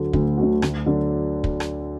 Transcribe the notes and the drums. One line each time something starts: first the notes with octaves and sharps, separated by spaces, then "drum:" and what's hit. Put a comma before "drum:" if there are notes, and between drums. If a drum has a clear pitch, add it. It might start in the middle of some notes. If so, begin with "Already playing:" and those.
Already playing: D2 D3 F#3 A3 F#4
D2, drum: kick
D3 F#3 A3 F#4
D2, drum: rim click
D3 F#3 D4
drum: kick
drum: rim click